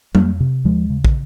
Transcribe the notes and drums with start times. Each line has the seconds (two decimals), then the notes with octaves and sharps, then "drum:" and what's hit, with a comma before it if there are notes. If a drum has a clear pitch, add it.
0.15 F2 G3 A#3, drum: tom F#3
0.40 C3
0.65 D#2 F3 G#3
0.90 C#3
1.05 drum: kick